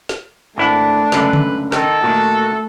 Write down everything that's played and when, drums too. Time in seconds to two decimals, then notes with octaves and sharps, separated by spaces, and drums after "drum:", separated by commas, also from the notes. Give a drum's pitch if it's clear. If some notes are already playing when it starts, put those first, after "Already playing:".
0.09 drum: snare
0.58 G#1 A3 D4 E4 F#5
1.12 C#2 F#2 D3 B4, drum: snare
1.33 drum: tom C#3
1.72 D#3 A4, drum: snare
2.03 A#2 D#3 A3 F#4